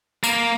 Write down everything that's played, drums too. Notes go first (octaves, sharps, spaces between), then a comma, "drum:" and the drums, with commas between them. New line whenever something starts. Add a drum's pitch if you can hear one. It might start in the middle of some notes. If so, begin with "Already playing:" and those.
A#3, drum: tambourine